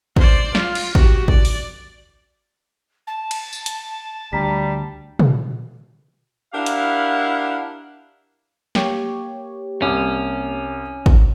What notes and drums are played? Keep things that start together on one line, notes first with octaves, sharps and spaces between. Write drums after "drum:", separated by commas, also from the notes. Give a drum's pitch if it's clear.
C5 D5, drum: kick G#1
F4, drum: snare
drum: cymbal
F#4 G4, drum: kick G#1
D5, drum: kick G#1
drum: open hi-hat
A5
drum: cymbal
drum: tambourine
drum: hi-hat
D2 G3 A#5 B6
drum: tom
D4 E4 G4 A#4 F5 F#5
drum: hi-hat
A#3 G4 C#5, drum: snare
C2 C#4 D6
drum: kick G#1